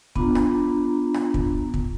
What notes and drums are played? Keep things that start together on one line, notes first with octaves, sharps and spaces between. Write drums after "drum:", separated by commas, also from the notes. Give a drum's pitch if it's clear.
B3 D4 F4 A#5, drum: kick
drum: rim click
drum: rim click
drum: kick
drum: kick